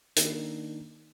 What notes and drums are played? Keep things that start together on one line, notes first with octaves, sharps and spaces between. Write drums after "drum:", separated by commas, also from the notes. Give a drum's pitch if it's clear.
D#3 A#3 D4, drum: hi-hat